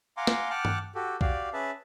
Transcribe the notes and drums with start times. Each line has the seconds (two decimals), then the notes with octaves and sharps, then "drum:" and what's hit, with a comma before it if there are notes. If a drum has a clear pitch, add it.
0.17 F5 F#5 G#5 A#5 C6 D6
0.27 drum: snare
0.50 F#5 G5 A5 D6 F6 F#6
0.65 drum: tom G2
0.95 F#4 G4 A4
1.21 F#4 G4 D5 F5, drum: kick B1
1.53 C#4 G#4 B4 E5 A5